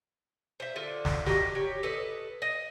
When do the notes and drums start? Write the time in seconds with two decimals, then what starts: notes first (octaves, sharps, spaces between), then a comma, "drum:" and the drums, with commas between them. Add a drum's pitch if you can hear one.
0.60 C5 E5
0.76 D3 F4
1.05 drum: snare
1.26 F#4 G4 A#4 D#5, drum: snare
1.55 G4 C#5
1.83 A4 B4 D#5
2.42 D#5